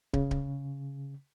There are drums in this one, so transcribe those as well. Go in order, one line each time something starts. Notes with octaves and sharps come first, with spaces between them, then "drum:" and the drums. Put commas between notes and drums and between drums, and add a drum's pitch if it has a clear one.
C#3, drum: kick
drum: kick